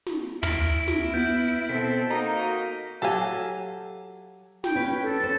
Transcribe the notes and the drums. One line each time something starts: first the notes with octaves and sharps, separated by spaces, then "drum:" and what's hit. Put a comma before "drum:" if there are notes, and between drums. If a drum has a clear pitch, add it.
drum: snare
E4 F6 A#6 D7, drum: tom
drum: snare
B3 G6
B2 C4 A4 B6
A#3 D#4 F#4 A#5
F#3 G4 A4 F5 G#5
G5, drum: snare
C#4 B4 C#5
A4
C#4 C5